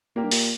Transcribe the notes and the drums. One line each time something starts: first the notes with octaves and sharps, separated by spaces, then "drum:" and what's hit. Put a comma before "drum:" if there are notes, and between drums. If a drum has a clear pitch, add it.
A#2 A#3 G4 A#4
G2
A#2, drum: open hi-hat